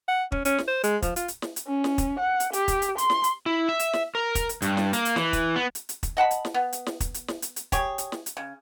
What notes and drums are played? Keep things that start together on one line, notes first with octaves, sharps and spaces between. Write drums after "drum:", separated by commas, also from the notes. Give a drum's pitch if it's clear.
F#5
C#4, drum: kick
C#4, drum: hi-hat
drum: snare
C5
G#3, drum: hi-hat
F3, drum: kick, hi-hat
F4, drum: hi-hat
drum: hi-hat
drum: snare
drum: hi-hat
C#4
drum: snare
drum: kick, hi-hat
F#5
drum: hi-hat
G4, drum: hi-hat
drum: kick, hi-hat
drum: hi-hat
C6, drum: hi-hat
drum: snare
drum: hi-hat
E4
E5
drum: hi-hat
drum: snare
A#4
drum: kick, hi-hat
drum: hi-hat
G2, drum: hi-hat
drum: snare
A#3, drum: hi-hat
drum: hi-hat
E3, drum: snare
drum: kick, hi-hat
B3
drum: hi-hat
drum: hi-hat
drum: kick, hi-hat
D#5 F#5 A5 B5
drum: hi-hat
drum: snare
B3
drum: hi-hat
drum: snare
drum: kick, hi-hat
drum: hi-hat
drum: snare
drum: hi-hat
drum: hi-hat
G4 G#4 C#5, drum: kick, hi-hat
drum: hi-hat
drum: snare
drum: hi-hat
C#3